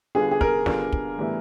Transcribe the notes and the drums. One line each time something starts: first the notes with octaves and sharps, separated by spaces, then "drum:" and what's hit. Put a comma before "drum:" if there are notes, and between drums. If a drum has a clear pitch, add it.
D3 G3 B3 D4 F4 G#4
G#4
A#4, drum: kick
D3 G3 B3 D4 F4, drum: snare
drum: kick
A2 E3 G3 B3 E4